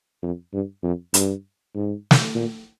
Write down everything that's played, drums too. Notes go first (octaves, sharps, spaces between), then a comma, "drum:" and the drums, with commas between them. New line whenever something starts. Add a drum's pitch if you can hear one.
F2
G2
F2
G2, drum: hi-hat
G#2
drum: snare
A#2